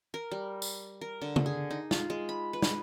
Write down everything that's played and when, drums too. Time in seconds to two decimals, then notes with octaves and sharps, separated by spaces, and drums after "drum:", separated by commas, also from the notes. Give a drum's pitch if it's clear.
0.14 A#4
0.31 G3
0.62 drum: tambourine
1.01 A#4
1.22 D3
1.36 drum: tom
1.46 G#4
1.71 D#4
1.91 F4, drum: snare
2.10 G#3
2.29 B5
2.53 B4
2.62 drum: snare